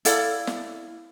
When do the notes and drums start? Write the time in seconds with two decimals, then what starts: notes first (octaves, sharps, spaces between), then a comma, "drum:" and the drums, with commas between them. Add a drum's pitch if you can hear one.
0.05 E4 A4 D5 F5, drum: hi-hat
0.47 drum: snare